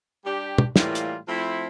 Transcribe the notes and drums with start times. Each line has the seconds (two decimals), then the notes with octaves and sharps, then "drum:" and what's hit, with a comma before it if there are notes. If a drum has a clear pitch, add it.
0.24 G3 D4 G4
0.58 drum: tom
0.76 A2 E3 G3 A#3 F4, drum: snare
0.95 drum: hi-hat
1.28 F3 A3 C4 E4